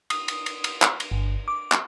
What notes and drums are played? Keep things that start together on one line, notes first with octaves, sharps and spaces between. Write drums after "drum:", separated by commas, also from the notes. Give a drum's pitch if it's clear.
D#6, drum: cymbal
drum: cymbal
drum: cymbal
drum: cymbal
drum: clap
drum: cymbal
G1
D6
drum: clap